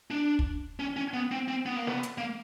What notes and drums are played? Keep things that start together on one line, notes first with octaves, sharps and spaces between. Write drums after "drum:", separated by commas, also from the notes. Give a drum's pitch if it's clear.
D4
drum: kick
C#4
C#4
B3
C4
C4
B3
A#3
B3, drum: snare
drum: hi-hat
A#3